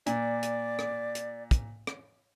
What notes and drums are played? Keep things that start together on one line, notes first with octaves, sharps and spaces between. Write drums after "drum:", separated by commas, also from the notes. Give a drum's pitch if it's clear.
A#2 D5, drum: hi-hat
drum: hi-hat
drum: rim click
drum: hi-hat
drum: kick, hi-hat
drum: rim click